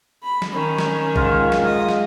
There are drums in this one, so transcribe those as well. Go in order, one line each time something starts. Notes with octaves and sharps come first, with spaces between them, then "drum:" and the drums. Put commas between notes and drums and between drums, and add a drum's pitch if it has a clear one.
B5
drum: snare
D#3 C#4
drum: snare
G#2 F4 F5, drum: kick A#1
drum: snare
D#5
drum: snare